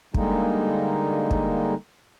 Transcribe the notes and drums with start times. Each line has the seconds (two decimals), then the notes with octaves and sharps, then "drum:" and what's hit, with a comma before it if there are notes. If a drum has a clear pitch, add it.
0.14 D3 G3 G#3 A#3 D#4, drum: kick
1.31 drum: kick